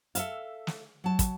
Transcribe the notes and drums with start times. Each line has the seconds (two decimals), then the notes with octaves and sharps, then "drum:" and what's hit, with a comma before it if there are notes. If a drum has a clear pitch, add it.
0.15 A4 E5 F5, drum: hi-hat
0.67 drum: snare
1.04 F#3 A5
1.19 drum: kick, hi-hat